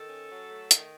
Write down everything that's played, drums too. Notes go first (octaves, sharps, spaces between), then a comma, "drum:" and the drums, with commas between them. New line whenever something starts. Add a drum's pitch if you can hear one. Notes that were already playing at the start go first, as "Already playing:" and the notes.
Already playing: D#3 A4
C#4
F#3
A3
D#3, drum: hi-hat